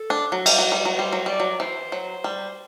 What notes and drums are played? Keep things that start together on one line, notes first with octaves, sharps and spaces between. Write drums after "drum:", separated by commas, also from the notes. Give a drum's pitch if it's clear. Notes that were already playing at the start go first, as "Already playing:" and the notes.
Already playing: A4
D4
F#3
G3, drum: cymbal
F#3
G3
F#3
G3 C5
F#3
G3 D5
F#3
E3 C5
F#3
G3